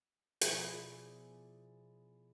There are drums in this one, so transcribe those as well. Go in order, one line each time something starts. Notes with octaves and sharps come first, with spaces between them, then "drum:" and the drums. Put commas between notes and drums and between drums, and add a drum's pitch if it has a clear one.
B2 F3 E4 G#4 D5, drum: hi-hat